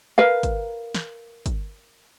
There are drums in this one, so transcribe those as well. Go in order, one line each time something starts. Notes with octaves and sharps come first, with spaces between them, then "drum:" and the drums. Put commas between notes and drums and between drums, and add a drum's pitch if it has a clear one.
A#4 B4 F5
drum: kick, hi-hat
drum: snare
drum: kick, hi-hat